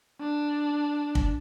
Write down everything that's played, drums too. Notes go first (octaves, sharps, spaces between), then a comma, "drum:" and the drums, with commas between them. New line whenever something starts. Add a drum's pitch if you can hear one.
D4
drum: kick